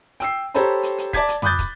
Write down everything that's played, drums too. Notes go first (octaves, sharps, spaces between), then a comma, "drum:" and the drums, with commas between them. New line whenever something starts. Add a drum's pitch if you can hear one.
G5 E6 C7, drum: hi-hat
G4 A4 C5 C#5 A#5 B5, drum: hi-hat
drum: hi-hat
drum: hi-hat
D5 A5 D6 G#6 B6, drum: kick, hi-hat
drum: hi-hat
B5 D6 D#6 F#6 G6 A6, drum: tom
drum: kick, hi-hat